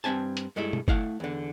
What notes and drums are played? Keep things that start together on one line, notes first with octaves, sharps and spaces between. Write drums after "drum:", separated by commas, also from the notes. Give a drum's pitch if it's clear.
G2 E3 C4 G#5 A5
drum: hi-hat
G2 G#3 A3 E4
drum: tom
A3 E4 F5 F#5, drum: kick F#1
E2 D3